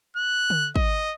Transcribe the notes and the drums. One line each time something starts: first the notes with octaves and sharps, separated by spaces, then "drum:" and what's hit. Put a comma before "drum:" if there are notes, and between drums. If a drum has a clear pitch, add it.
F#6
drum: tom D3
D#5, drum: kick